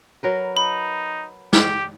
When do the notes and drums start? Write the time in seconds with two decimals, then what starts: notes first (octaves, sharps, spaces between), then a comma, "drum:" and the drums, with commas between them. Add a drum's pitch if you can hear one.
0.23 F#3 A#4 B4
0.57 D#4 B5
1.53 G4, drum: snare